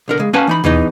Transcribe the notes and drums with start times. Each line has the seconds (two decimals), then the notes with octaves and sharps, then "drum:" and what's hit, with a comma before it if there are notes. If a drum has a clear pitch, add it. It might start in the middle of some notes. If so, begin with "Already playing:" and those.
0.08 B1 D3 A#4
0.19 C#3 G#3
0.33 A#3 C#4 B4 F#5 G#5 A5
0.47 E3 D#4 B5
0.64 E2 E3 B3 D#4, drum: tom D#2